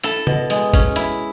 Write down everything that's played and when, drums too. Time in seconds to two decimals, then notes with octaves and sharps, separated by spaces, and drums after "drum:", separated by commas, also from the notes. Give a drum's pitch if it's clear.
0.04 E4 A4, drum: hi-hat
0.27 B2, drum: tom C#3
0.50 G#3, drum: hi-hat
0.73 C#4, drum: kick, hi-hat
0.96 E4, drum: hi-hat